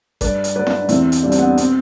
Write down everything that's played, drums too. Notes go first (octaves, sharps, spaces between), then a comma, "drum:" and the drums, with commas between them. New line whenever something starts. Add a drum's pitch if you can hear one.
G2 B4 D5, drum: kick G1, hi-hat
drum: hi-hat
F#3 B4 D5
drum: snare E4
D4
E2 C4 E4, drum: hi-hat
drum: hi-hat
B2 G3 D4
C4, drum: hi-hat
B3 D4
C4, drum: hi-hat